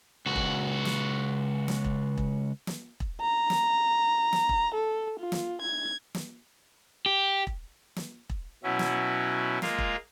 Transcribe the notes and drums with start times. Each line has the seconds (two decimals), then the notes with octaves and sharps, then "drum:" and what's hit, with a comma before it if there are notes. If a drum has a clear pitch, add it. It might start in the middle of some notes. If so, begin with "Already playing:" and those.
0.26 C#2 F#4
0.36 drum: kick E1
0.85 drum: snare
1.68 drum: snare
1.84 drum: kick E1
2.18 drum: kick E1
2.67 drum: snare
3.00 drum: kick E1
3.21 A#5
3.50 drum: snare
4.33 drum: snare
4.49 drum: kick E1
4.75 A4
5.19 F4
5.32 drum: snare
5.62 G#6
6.15 drum: snare
7.06 G4
7.47 drum: kick E1
7.96 drum: snare
8.30 drum: kick E1
8.64 B2 F#3 C#4 E4
8.79 drum: snare
9.62 G#3 A#3 F4 A#4 F5, drum: snare
9.78 drum: kick E1